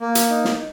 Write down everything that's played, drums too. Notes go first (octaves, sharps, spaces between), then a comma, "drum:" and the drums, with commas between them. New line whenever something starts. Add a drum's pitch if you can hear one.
A#3
drum: hi-hat
D#4
drum: snare